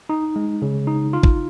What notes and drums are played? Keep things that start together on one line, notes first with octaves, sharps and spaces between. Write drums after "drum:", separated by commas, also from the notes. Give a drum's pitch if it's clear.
D#4
G#3
C#3
D#4
F4
drum: kick